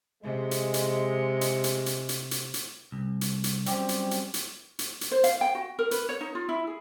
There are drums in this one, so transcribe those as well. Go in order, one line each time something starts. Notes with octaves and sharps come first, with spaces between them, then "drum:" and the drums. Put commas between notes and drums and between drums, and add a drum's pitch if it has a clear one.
C3 G#3
drum: hi-hat
drum: hi-hat
drum: hi-hat
drum: hi-hat
drum: hi-hat
drum: hi-hat
drum: hi-hat
drum: hi-hat
C2
drum: hi-hat
drum: hi-hat
F#3 G3 C4 C#4 G4, drum: hi-hat
drum: hi-hat
drum: hi-hat
drum: hi-hat
drum: hi-hat
drum: hi-hat
C5
F5, drum: hi-hat
G5
F#4
A#4
B4, drum: hi-hat
C#5
D#4
F4
E4
G#4